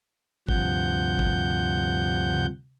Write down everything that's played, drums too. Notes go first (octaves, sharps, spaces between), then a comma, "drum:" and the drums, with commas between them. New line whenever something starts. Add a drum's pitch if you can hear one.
D2 G2 C3 F3 F#5 G6, drum: kick G1
drum: kick G1
drum: tom C3